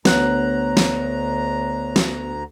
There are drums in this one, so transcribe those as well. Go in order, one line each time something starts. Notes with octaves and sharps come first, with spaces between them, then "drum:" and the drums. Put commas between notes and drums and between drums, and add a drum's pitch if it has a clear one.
D2 B3 C#5 A#5 F#6, drum: snare
drum: snare
drum: snare